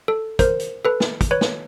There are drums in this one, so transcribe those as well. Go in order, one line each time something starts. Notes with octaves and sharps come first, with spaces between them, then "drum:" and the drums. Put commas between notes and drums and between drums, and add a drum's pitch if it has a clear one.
A4
A#4 C5, drum: kick, hi-hat
drum: hi-hat
A4 B4
drum: snare
drum: kick, hi-hat
B4 C#5
drum: snare